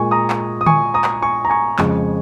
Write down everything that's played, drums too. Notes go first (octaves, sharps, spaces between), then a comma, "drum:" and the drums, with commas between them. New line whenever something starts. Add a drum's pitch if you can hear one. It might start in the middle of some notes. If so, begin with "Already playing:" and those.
Already playing: A#2 G#3 G#5 C#6
A#5 D#6
drum: clap
D#6
G#5 C#6, drum: tom D3
A#5 D#6
drum: clap
G#5 C#6
A#5
G#5 C#6
F2 C#3 F3 G#3, drum: clap